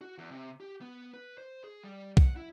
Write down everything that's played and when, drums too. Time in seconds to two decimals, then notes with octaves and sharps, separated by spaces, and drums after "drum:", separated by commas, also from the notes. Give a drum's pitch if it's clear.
0.01 F#4
0.18 E2
0.31 C3
0.60 G4
0.81 B3
1.13 B4
1.38 C5
1.64 G#4
1.84 G3
2.17 F#5, drum: kick
2.36 E4